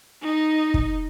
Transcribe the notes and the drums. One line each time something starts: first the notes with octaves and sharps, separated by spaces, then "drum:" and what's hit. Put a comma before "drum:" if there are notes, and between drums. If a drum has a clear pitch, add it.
D#4
drum: kick